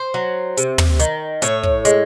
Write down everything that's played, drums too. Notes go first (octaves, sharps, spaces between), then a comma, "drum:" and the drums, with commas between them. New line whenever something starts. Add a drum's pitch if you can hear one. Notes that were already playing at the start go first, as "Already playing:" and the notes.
Already playing: C5
F#3
C3, drum: hi-hat
drum: tom
D#3, drum: hi-hat
A2 C#5, drum: hi-hat
drum: kick
G#3, drum: hi-hat